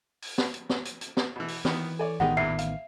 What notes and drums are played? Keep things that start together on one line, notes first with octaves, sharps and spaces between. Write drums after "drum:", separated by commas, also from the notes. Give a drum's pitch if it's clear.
drum: open hi-hat
drum: snare
drum: hi-hat
drum: snare
drum: hi-hat
drum: hi-hat
drum: snare
B2 E3
drum: open hi-hat
D#3 E3 B3, drum: snare
A4 C#5 D5 G#5
A1 D#3 G#3 B3 D#4 G4 F#5
E2 A#2 E3 E5 C7
F5, drum: hi-hat